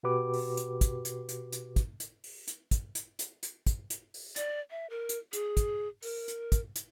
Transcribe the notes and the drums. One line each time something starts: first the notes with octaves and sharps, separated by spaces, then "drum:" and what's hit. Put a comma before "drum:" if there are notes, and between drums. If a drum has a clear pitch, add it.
B2 F#4 G4 B4 D6
drum: open hi-hat
drum: hi-hat
drum: kick, hi-hat
drum: hi-hat
drum: hi-hat
drum: hi-hat
drum: kick, hi-hat
drum: hi-hat
drum: open hi-hat
drum: hi-hat
drum: kick, hi-hat
drum: hi-hat
drum: hi-hat
drum: hi-hat
drum: kick, hi-hat
drum: hi-hat
drum: open hi-hat
D5, drum: hi-hat
E5
A#4
drum: hi-hat
G#4, drum: hi-hat
drum: kick, hi-hat
A#4, drum: open hi-hat
drum: hi-hat
drum: kick, hi-hat
drum: hi-hat